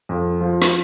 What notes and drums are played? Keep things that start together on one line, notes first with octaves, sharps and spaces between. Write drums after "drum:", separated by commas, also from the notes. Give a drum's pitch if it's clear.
F2
F3
drum: snare